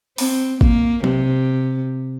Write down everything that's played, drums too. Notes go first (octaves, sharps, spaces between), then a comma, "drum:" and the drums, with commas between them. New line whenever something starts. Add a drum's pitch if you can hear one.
C4, drum: open hi-hat
A#3, drum: kick
C3, drum: tom F#3